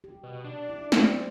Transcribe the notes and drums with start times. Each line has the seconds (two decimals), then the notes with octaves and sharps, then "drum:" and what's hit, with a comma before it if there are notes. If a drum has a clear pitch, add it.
0.04 G4
0.23 B2
0.44 D4
0.69 E4
0.92 F#3 C4 D5, drum: snare